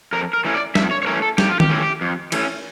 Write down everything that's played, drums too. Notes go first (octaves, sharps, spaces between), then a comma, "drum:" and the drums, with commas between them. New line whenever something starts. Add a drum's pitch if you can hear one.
F2 A#4
A#4
E3 A3 C#4
D5
F2 E5, drum: snare
C#5
C#5
E3 A3 C#4 A#4
A4
F2 G4, drum: snare
F4
G4, drum: tom D#3
E3 A3 C#4
F2
E3 A3 C#4, drum: cymbal